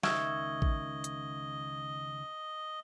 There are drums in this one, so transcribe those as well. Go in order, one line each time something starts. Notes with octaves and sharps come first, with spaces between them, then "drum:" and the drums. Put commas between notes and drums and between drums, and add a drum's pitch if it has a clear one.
C#2 D#3 D#5 E5 C#6 G#6, drum: snare
drum: kick A1
drum: hi-hat